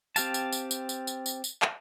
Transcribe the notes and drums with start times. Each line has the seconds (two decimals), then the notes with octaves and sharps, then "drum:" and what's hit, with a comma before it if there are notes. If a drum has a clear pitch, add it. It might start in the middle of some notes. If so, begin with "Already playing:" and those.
0.16 C4 G4 F5 A5, drum: tambourine
0.34 drum: tambourine
0.52 drum: tambourine
0.71 drum: tambourine
0.89 drum: tambourine
1.07 drum: tambourine
1.26 drum: tambourine
1.44 drum: tambourine
1.62 drum: clap